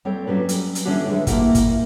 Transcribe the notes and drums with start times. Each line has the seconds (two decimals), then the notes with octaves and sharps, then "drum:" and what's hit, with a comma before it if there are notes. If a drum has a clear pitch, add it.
0.05 G3 C4 A4 C#5 G5
0.27 F#3 G3 C#4 B4
0.49 drum: hi-hat
0.75 drum: hi-hat
0.85 D3 E3 G3 C#4 D4 F#4
1.08 D3 E3 G#3
1.27 A3 A#3 E4 G4 F#5, drum: kick, hi-hat
1.55 drum: kick, hi-hat
1.68 A#2